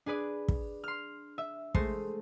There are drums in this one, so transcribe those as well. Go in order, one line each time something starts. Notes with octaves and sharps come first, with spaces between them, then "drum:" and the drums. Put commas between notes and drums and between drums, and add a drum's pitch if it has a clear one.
D4 G#4 B4 D5
drum: kick
C6 F6
E5
G#3 A3 C5, drum: kick